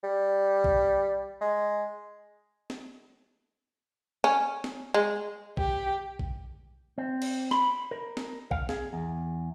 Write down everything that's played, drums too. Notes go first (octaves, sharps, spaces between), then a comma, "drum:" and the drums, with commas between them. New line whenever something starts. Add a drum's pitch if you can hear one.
G3
drum: kick A#1
G#3
drum: snare
C#4
drum: snare
G#3
G4, drum: kick A#1
drum: kick A#1
C4
drum: cymbal
B5, drum: snare
A#4
drum: snare
F5, drum: kick A#1
G#4, drum: snare
E2